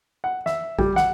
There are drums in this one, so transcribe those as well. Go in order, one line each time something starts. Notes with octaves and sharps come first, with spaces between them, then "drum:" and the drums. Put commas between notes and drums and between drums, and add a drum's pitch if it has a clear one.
F#5
E5, drum: snare
G3, drum: kick A1
F#5, drum: snare